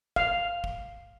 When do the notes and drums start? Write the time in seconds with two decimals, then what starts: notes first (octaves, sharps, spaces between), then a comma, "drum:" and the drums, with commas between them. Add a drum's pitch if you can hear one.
0.16 F5, drum: kick
0.64 drum: kick